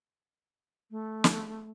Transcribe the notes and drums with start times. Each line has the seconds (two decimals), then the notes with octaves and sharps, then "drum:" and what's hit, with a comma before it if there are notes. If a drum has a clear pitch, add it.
0.91 A3
1.24 drum: snare